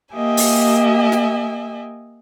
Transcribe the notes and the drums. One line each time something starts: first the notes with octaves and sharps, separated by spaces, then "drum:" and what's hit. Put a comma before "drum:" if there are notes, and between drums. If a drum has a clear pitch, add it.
A#3 G4 D#5 E5 G#5
drum: open hi-hat
drum: snare